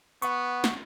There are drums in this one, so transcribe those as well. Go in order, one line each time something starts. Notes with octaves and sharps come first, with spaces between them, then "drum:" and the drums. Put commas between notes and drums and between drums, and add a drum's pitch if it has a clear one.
B3 F#5 C#6, drum: hi-hat
drum: snare